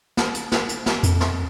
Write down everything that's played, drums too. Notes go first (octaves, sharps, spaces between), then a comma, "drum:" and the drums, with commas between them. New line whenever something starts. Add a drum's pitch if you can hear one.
drum: snare
drum: hi-hat
drum: snare
drum: hi-hat
drum: snare
F2, drum: hi-hat
drum: snare